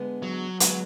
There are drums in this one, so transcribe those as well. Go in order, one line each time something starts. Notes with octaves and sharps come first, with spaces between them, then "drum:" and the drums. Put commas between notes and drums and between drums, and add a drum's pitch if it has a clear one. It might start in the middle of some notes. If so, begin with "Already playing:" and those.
Already playing: D3 G#3 B3
F#3
D3 F#3 G#3 B3, drum: hi-hat